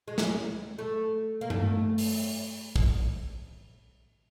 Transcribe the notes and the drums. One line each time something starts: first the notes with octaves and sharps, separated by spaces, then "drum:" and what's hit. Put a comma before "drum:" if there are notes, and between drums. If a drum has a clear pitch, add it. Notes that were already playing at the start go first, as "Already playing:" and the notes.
G#3
drum: snare
A3
A#3
A3, drum: tom G2
drum: open hi-hat
drum: kick